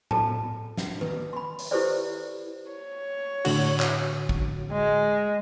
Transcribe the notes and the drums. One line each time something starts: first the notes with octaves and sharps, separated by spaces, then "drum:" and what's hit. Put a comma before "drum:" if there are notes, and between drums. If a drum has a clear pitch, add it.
A4 A5, drum: tom A2
drum: snare
B4, drum: tom D#3
B5 C6
drum: open hi-hat
E4 G4 A4 B4 C5 D5
C#5
A2 D3 F#4, drum: cymbal
drum: clap
drum: kick
G#3